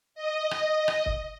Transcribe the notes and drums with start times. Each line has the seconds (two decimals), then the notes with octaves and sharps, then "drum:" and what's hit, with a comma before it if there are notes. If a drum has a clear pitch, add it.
0.15 D#5
0.51 drum: rim click
0.88 drum: rim click
1.06 drum: kick